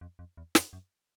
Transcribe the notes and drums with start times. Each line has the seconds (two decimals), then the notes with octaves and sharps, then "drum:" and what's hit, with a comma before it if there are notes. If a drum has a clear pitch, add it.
0.01 F2
0.19 F2
0.37 E2
0.55 F2, drum: snare
0.73 F#2